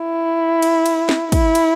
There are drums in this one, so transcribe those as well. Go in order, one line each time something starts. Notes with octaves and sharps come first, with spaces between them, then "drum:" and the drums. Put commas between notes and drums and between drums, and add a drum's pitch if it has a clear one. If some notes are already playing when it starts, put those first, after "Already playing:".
Already playing: E4
drum: cymbal
drum: cymbal
drum: snare
E4, drum: kick, cymbal
drum: cymbal